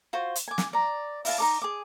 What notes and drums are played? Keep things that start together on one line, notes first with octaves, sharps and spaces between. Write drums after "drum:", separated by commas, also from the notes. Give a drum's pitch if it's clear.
F4 F#4 C5
drum: hi-hat
G#5 D6
drum: snare
D5 A#5
E4 F5 A5, drum: open hi-hat
D#4 A4 D6
G#4 D6